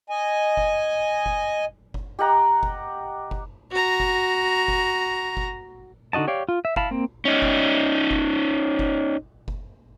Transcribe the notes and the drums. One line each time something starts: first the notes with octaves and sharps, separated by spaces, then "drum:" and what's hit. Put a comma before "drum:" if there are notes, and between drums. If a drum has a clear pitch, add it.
D#5 G#5
drum: kick F#1
drum: kick F#1
drum: kick F#1
G4 D#5 F#5 A#5
drum: kick F#1
drum: kick F#1
F#4 A#5
drum: kick F#1
drum: kick F#1
drum: kick F#1
D3 D#4 F#4 D#5 A5
G4 C#5 D5 F5
F4
E5
E4 F5 A5 B5, drum: kick F#1
A#3 C4
C#4 D#4
drum: kick F#1
drum: kick F#1
drum: kick F#1
drum: kick F#1